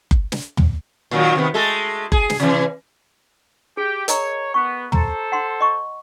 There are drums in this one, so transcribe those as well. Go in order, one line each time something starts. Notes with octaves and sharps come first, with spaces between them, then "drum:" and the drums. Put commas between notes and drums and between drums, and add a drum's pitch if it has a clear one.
drum: kick F#1
drum: snare
drum: tom
A#2 D#3 F#3
C3 D#3 B3
G#3 A3 A4
G#4, drum: kick F#1
drum: snare
C3 E3
G4 G#4 G5
A#4 C#5 D#5 A#5, drum: hi-hat
B3 C#6
A4 C5 A#5, drum: tom
F#5 C6
D#5 C#6